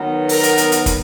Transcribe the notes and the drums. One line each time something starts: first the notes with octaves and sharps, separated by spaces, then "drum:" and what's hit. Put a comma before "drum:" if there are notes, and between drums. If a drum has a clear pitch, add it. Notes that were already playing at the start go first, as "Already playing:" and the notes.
Already playing: D#3 F#3 B3
A#4, drum: open hi-hat
drum: hi-hat
drum: hi-hat
drum: hi-hat
drum: kick, hi-hat